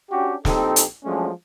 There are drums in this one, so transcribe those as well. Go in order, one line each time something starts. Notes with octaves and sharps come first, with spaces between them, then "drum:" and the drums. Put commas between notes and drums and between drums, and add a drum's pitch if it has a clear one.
C#4 D4 F#4 G4
A#1 C4 D#4 G4 A4, drum: snare
drum: hi-hat
F3 F#3 G#3 A3 C#4 D4